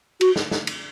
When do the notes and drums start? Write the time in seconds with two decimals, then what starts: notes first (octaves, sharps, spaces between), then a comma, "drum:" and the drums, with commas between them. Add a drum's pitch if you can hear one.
0.21 F#4, drum: cymbal
0.36 drum: snare
0.51 drum: snare
0.67 drum: cymbal